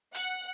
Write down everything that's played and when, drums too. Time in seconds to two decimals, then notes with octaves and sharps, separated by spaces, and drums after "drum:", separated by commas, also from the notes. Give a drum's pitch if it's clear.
0.14 F#5, drum: hi-hat